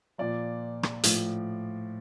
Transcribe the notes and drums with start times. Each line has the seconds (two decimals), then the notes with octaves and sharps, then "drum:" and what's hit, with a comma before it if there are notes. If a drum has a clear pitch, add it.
0.18 A#2 F3 D5
0.83 drum: rim click
1.04 A2 F3, drum: hi-hat